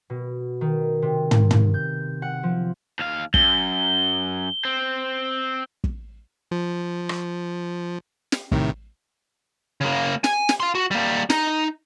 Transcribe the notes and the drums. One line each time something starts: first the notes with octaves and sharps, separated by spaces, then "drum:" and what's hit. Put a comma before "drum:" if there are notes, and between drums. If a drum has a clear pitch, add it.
B2
D#3
C3
drum: tom
drum: tom
G6
F#5
F3
D#2 F5
F#2 G7, drum: kick
C4
drum: kick
F3
drum: rim click
drum: snare
A2 C3 D#3, drum: kick
C#3 A#3
G#5, drum: snare
drum: snare
F5 C6
F#4
G3 A#3
D#4, drum: snare